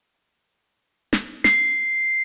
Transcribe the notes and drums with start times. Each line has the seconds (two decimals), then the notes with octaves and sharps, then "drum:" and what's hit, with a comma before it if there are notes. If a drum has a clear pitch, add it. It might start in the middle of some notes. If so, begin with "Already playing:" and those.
1.13 drum: snare
1.44 C7, drum: snare